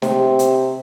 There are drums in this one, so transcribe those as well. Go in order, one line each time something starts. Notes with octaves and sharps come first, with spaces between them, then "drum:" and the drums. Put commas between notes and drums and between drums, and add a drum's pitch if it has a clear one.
C3, drum: snare
drum: hi-hat